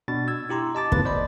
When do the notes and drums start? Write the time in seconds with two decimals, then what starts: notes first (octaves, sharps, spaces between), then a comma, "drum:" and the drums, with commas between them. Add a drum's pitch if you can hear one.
0.08 B2 D4 A6
0.28 E6 G#6
0.49 E4 G4 A#5 C6
0.75 D#5 A5 D6 A6
0.92 G1 E3 A#3 C4 B4 A6, drum: kick
1.05 C5 D5 D#5 B5